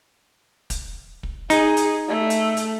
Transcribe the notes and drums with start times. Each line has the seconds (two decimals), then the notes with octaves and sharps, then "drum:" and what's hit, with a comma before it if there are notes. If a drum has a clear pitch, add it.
0.70 drum: kick, hi-hat
1.23 drum: kick
1.50 D#4 G#4, drum: hi-hat
1.77 drum: hi-hat
2.08 A3
2.30 drum: hi-hat
2.57 drum: hi-hat